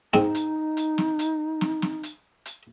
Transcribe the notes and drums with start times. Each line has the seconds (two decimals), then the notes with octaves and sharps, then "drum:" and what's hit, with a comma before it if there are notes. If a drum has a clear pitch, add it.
0.13 G#2 C4 D#4, drum: snare
0.35 drum: hi-hat
0.77 drum: hi-hat
0.98 drum: snare
1.19 drum: hi-hat
1.61 drum: snare
1.82 drum: snare
2.03 drum: hi-hat
2.45 drum: hi-hat